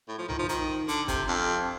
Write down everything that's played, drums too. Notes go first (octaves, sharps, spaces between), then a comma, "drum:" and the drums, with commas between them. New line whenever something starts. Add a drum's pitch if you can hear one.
A2
F3
D#3, drum: tom B1
F3
D#3, drum: hi-hat
D3, drum: hi-hat
C3, drum: kick, hi-hat
F2